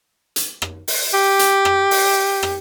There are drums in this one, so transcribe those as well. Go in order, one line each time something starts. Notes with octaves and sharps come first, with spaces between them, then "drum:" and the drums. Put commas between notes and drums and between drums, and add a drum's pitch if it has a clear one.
drum: hi-hat
drum: rim click
drum: open hi-hat
G4
drum: hi-hat
drum: rim click
drum: open hi-hat
drum: rim click